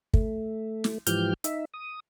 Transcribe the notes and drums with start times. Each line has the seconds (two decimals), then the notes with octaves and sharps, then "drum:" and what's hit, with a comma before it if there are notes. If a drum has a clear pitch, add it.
0.14 A3, drum: kick
0.84 drum: snare
1.07 G#2 E3 F3 G4 F6 G6, drum: hi-hat
1.44 D#4 E5, drum: hi-hat
1.74 D#6